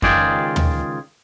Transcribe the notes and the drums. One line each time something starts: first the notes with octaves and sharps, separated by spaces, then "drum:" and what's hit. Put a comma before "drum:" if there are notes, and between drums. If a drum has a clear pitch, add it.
C#2 D#3 F4 G#4 D5 G5, drum: kick F2
drum: tom